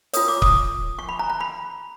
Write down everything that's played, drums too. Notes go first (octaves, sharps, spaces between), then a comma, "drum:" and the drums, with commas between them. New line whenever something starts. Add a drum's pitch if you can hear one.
F4 A#4 C#5 D#6, drum: hi-hat
D6
D#6, drum: kick C#1
C#6
B5
A#5
A#5
B5